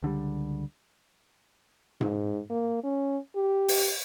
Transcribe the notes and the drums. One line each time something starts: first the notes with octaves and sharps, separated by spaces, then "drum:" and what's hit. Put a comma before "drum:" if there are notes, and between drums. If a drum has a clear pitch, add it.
C#2 D3 E3 G3
G#2, drum: tom G#2
A#3
C#4
G4
drum: open hi-hat